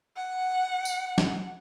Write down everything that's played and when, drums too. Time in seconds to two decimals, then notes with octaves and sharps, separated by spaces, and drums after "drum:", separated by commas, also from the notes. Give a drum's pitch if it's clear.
0.16 F#5
0.85 drum: tambourine
1.18 drum: snare